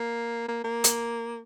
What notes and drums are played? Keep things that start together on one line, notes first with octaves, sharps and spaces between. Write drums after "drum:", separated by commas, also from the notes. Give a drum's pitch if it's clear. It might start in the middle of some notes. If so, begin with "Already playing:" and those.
Already playing: A#3
A#3
A#3
drum: hi-hat